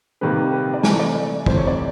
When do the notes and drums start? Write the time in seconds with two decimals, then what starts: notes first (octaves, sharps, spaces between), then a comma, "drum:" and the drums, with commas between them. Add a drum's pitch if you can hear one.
0.21 C3 D#3 G3 A#3 B4
0.52 B4
0.74 D5
0.83 C3 E3 A3 G#5, drum: snare
0.99 D5
1.15 D5
1.46 C3 E3 A3 C5, drum: kick
1.57 C#5
1.67 D5